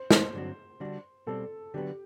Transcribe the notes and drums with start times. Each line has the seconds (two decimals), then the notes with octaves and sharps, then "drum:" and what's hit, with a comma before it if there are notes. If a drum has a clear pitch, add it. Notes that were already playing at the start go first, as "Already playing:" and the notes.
Already playing: C5
0.11 C5, drum: snare
0.34 G2 D3 F#3 C4 F#4
0.80 D3 G3 D4 F#4
1.27 B2 G3 C4 A4
1.74 D3 F#3 B3 G4